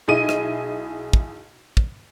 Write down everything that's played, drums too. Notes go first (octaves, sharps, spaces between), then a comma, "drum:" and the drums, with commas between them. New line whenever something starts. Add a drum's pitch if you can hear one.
B1 E4 G#4 D#5 D#7
drum: rim click
drum: kick
drum: kick